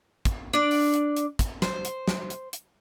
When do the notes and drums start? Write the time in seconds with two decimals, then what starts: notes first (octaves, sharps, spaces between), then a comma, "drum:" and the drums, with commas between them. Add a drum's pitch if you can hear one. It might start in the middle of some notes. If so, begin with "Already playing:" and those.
0.25 drum: kick, hi-hat
0.53 D4 D5
0.71 drum: open hi-hat
0.94 drum: hi-hat
1.16 drum: hi-hat
1.39 drum: kick, hi-hat
1.62 C5, drum: snare
1.85 drum: hi-hat
2.08 drum: snare
2.30 drum: hi-hat
2.53 drum: hi-hat